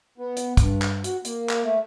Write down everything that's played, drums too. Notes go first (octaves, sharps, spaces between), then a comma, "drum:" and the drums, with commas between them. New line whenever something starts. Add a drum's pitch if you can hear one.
B3
drum: hi-hat
G2, drum: kick, hi-hat
drum: clap
F#4, drum: hi-hat
A#3, drum: hi-hat
drum: clap
A3